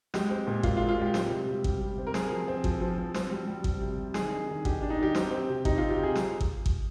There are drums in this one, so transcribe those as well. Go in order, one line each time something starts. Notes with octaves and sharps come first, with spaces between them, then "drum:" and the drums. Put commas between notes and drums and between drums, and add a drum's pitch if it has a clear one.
G#3 G4, drum: snare
C4
A#2
A#2 F4, drum: kick G#1
F4
G#3
F4
G#3 G4
C4, drum: snare
C3
G3
G3, drum: kick G#1
C3
C4
A#4
C4 G#4, drum: snare
F3
C4
F3, drum: kick G#1
F3
F3
C4, drum: snare
G3
G3
G3, drum: kick G#1
C3
C3
D#3 G#4, drum: snare
D4
D#3
D4 G4, drum: kick G#1
D4
D#4
D#3 G4
C4 G4, drum: snare
C4
C3
C3 D#4, drum: kick G#1
C3 F4
G4
C3 G#4
drum: snare
drum: kick G#1
drum: kick G#1